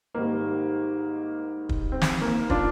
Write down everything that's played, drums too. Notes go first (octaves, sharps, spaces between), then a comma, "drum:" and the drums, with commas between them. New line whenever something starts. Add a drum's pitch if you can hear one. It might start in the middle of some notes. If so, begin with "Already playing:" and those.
G#2 D#3 G3 A#3
drum: kick
C4
drum: snare
A#3
D4 F4, drum: kick